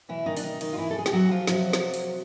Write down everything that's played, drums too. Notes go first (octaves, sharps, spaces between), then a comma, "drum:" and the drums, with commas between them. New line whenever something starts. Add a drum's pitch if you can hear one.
B2 E3 E4
D#3 D#4
D4, drum: open hi-hat
D#3 D#4
D#3 D#4, drum: cymbal
F4
E3 E4
A4
G#4
G4, drum: snare
F#3 F#4
F3 F4
C3 F3 F#3 F#4, drum: snare
drum: snare
drum: open hi-hat